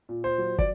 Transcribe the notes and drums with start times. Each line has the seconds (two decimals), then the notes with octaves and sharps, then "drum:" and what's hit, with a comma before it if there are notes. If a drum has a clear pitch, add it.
0.09 A#2
0.24 C5
0.38 F#3
0.59 D5, drum: kick